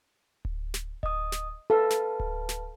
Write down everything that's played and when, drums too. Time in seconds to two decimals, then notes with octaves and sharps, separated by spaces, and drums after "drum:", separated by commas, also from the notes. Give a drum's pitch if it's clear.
0.45 drum: kick D1
0.74 drum: snare
1.03 D#5 D#6, drum: kick D1
1.32 drum: snare
1.70 A4 B4 F5 A5
1.90 drum: snare
2.20 drum: kick D1
2.49 drum: snare